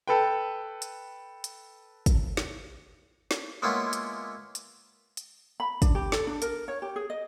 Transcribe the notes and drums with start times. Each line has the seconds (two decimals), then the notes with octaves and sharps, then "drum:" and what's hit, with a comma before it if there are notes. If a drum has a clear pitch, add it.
0.07 A4 B4 G5
0.82 drum: hi-hat
1.44 drum: hi-hat
2.06 drum: kick, hi-hat
2.37 drum: snare
3.31 drum: snare
3.62 G#3 A#3 B3 C#4 E4 F4
3.93 drum: hi-hat
4.55 drum: hi-hat
5.17 drum: hi-hat
5.60 B5
5.82 D4, drum: kick, hi-hat
5.95 G4
6.12 A4, drum: snare
6.27 D4
6.42 A#4, drum: hi-hat
6.68 C#5
6.82 G4
6.96 G#4
7.10 D#5